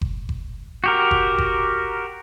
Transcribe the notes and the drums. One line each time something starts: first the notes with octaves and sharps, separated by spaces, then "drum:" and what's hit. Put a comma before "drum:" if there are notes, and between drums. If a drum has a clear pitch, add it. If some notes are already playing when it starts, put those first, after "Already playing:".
drum: kick F#1
drum: kick F#1
F#4 G4 A#4
drum: kick F#1
drum: kick F#1